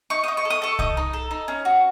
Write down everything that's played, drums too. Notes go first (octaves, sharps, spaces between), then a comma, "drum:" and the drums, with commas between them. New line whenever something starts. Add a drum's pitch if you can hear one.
D#4 C#6
D#4 D#6
C#6
A4
D#6
A4 C#6
D#4 D#6, drum: kick C2
D#4
A4
D#4
C#4
F#4